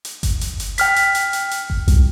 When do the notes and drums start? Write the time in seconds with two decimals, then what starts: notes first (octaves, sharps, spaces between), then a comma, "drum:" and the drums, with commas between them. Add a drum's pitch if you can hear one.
0.05 drum: hi-hat
0.23 drum: kick G1, hi-hat
0.41 drum: hi-hat
0.60 drum: hi-hat
0.78 G5 F6 B6, drum: hi-hat
0.96 drum: hi-hat
1.15 drum: hi-hat
1.33 drum: hi-hat
1.51 drum: hi-hat
1.70 drum: kick G1
1.88 C2, drum: hi-hat